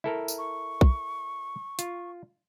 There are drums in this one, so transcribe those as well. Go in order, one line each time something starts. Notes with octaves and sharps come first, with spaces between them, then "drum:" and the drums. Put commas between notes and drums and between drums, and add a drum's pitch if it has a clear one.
E4 A4 A#4
drum: tambourine
C#6
drum: kick B1
F4, drum: hi-hat